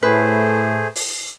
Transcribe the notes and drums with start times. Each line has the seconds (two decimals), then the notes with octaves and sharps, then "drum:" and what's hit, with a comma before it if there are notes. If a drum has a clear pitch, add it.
0.03 A2 A3 G#4 B4 C5
0.96 drum: open hi-hat